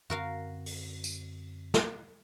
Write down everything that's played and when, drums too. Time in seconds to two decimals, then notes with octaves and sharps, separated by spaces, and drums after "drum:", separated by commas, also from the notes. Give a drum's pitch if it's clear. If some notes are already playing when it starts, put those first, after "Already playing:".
0.10 F#2 D3 C4 F#4 A#4 F5
0.66 drum: open hi-hat
1.04 drum: tambourine
1.74 drum: snare